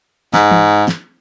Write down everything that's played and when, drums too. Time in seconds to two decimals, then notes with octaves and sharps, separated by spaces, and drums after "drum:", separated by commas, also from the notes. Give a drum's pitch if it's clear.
0.34 G#2, drum: snare
0.51 drum: tom E3
0.88 drum: snare